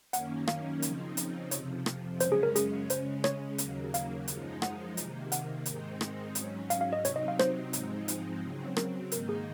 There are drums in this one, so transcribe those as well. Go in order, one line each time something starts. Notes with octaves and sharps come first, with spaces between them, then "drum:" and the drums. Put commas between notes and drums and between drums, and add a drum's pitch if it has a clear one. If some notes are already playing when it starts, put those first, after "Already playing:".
F#2 D#3 A#3 C#4 F#5, drum: hi-hat
F5, drum: rim click
C#3 F3 C4 D#4, drum: hi-hat
drum: hi-hat
F2 C3 F3 C#5, drum: hi-hat
drum: rim click
F#2 C#3 G#3 C#4 C5, drum: hi-hat
G#4
A#4
G#4, drum: hi-hat
C#3 G#3 C#4 C5, drum: hi-hat
C#5, drum: rim click
D#2 C#3 F#3 A#3, drum: hi-hat
F5, drum: hi-hat
F#2 F3 G#3 D#4, drum: hi-hat
F#5, drum: rim click
C3 D#3 A#3, drum: hi-hat
F#5, drum: hi-hat
G#2 D#3 G#3 C4 D#4, drum: hi-hat
drum: rim click
G#2 F#3 C#4, drum: hi-hat
F5, drum: hi-hat
F5
D#5
C3 F#3 C4 D#4 C#5, drum: hi-hat
D#5
F5
C5, drum: rim click
G#2 F3 G#3 C4 D#4, drum: hi-hat
drum: hi-hat
C#3 F#3 C4
A#4, drum: rim click
G#2 D#3 A#3 D#4 A#4, drum: hi-hat
G#4